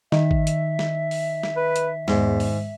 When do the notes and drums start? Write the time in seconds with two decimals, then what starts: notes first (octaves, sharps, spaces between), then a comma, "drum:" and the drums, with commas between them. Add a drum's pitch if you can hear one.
0.12 D#3 E5, drum: snare
0.31 drum: kick G#1
0.47 drum: hi-hat
0.79 drum: snare
1.11 drum: open hi-hat
1.43 drum: snare
1.56 B4
1.76 drum: hi-hat
2.08 E2 G#2, drum: snare
2.40 drum: open hi-hat